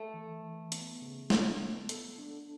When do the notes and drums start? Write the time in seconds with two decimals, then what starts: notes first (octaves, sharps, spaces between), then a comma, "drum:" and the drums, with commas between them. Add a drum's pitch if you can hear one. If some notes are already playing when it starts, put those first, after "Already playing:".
Already playing: A3
0.14 E3
0.43 E3
0.72 B3, drum: hi-hat
1.02 C#3
1.30 D4, drum: snare
1.60 B3
1.89 A4, drum: hi-hat
2.18 D4